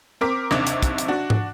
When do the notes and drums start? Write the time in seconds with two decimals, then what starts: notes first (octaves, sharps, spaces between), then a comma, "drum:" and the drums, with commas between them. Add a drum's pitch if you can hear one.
0.21 C4 A#4 D6 B6
0.51 F#1 D#2 C3 D4 D6, drum: rim click
0.67 drum: hi-hat
0.82 drum: kick, hi-hat
0.98 drum: hi-hat
1.08 D4 F#4
1.30 drum: tom G#2